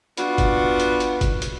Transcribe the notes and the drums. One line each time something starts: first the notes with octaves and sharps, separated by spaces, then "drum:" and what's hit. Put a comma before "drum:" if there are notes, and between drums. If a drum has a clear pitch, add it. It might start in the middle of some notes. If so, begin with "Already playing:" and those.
B3 D4 F4 F#4, drum: hi-hat
drum: kick, hi-hat
drum: hi-hat
drum: hi-hat
drum: kick, hi-hat
drum: hi-hat